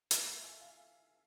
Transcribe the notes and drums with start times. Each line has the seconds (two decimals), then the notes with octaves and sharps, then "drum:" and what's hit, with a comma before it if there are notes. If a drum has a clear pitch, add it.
0.11 F4 A4, drum: hi-hat
0.27 E5
0.44 G#5
0.61 F5